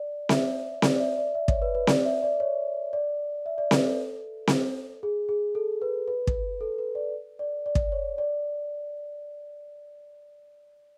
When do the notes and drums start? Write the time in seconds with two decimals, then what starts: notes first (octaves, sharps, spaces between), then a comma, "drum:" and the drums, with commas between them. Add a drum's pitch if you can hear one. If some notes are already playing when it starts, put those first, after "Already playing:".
Already playing: D5
0.29 E5, drum: snare C4
0.82 D5, drum: snare C4
0.96 D5
1.00 E5
1.18 D5
1.35 E5
1.48 C#5, drum: kick
1.62 B4
1.75 B4
1.87 D5, drum: snare C4
2.05 E5
2.23 D5
2.40 C#5
2.93 D5
3.46 E5
3.58 D5
3.71 B4, drum: snare C4
3.85 A4
4.47 drum: snare C4
5.03 G#4
5.29 G#4
5.55 A4
5.82 B4
6.08 B4
6.27 drum: kick
6.61 A4
6.78 B4
6.95 D5
7.39 D5
7.66 D5
7.75 drum: kick
7.92 C#5
8.18 D5